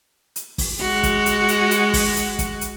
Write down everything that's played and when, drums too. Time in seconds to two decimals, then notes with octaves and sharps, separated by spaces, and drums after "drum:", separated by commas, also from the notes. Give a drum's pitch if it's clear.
0.36 drum: hi-hat
0.58 drum: kick, open hi-hat
0.81 G#3 F#4
1.03 drum: kick, hi-hat
1.26 drum: hi-hat
1.48 drum: hi-hat
1.71 drum: hi-hat
1.94 drum: kick, open hi-hat
2.16 drum: hi-hat
2.39 drum: kick, hi-hat
2.61 drum: hi-hat